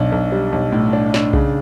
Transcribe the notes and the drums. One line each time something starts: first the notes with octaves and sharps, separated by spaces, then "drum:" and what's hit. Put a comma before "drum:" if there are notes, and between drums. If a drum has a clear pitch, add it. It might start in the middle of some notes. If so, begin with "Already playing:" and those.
Already playing: B1 D4
B1
G3
B1
A2
D4
D4, drum: snare
C#3, drum: kick B1